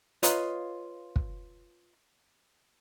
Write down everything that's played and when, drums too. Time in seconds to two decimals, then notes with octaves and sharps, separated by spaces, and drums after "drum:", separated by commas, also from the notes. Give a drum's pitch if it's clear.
0.23 F4 B4 C#5 D#5 F5 A#5, drum: hi-hat
1.16 drum: kick